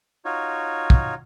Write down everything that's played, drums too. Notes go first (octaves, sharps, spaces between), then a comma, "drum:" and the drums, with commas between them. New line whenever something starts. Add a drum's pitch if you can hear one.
D#4 F4 F#4 C#5
drum: kick